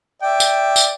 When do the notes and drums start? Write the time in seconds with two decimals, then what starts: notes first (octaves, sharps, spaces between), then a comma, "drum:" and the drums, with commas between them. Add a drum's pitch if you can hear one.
0.22 D5 E5 G5
0.40 drum: tambourine
0.76 drum: tambourine